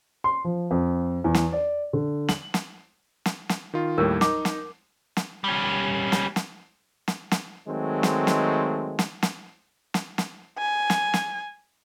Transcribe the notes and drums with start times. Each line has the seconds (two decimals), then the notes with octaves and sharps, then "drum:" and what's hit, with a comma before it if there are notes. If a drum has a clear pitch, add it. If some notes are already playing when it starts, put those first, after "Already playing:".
0.24 C6
0.44 F3
0.71 F2
1.24 E2
1.34 drum: snare
1.53 D5
1.93 D3
2.29 F#7, drum: snare
2.54 drum: snare
3.26 drum: snare
3.49 drum: snare
3.74 D#3 F4
3.98 D#2 A2 G3 A#4
4.21 D#4 D6, drum: snare
4.45 drum: snare
5.17 drum: snare
5.44 G3 C#4
6.12 drum: snare
6.36 drum: snare
7.08 drum: snare
7.31 drum: snare
7.67 D#3 F#3 G#3 A3 C4
8.03 drum: snare
8.27 drum: snare
8.99 drum: snare
9.23 drum: snare
9.94 drum: snare
10.18 drum: snare
10.58 G#5
10.90 drum: snare
11.14 drum: snare